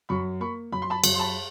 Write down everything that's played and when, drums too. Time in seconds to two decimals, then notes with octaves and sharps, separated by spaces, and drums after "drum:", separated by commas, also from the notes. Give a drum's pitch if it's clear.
0.09 F#2 B5 C#6
0.40 A#3 B5 C#6
0.72 F#2 B5
0.82 C6
0.90 A5 B5
1.04 F#2, drum: cymbal
1.14 C6
1.19 A5 B5